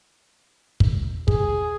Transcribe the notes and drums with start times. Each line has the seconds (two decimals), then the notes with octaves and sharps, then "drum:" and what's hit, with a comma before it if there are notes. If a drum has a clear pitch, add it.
0.80 drum: kick
1.28 G#4, drum: kick